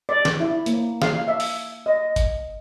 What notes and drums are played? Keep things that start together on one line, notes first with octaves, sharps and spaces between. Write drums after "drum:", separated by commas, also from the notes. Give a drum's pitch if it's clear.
D5
drum: snare
E4
A#3, drum: hi-hat
F5, drum: snare
E5
drum: open hi-hat
D#5
drum: kick F#1, hi-hat